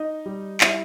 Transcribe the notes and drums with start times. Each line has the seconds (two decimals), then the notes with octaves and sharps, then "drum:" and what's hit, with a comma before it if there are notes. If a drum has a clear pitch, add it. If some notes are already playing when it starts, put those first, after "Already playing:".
Already playing: D#4 D#5
0.26 G3
0.61 G3 E4 E5, drum: clap